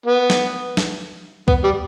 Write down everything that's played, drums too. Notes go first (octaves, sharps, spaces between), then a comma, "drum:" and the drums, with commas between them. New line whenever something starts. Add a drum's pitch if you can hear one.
B3
drum: snare
drum: snare
B3, drum: kick C2
G3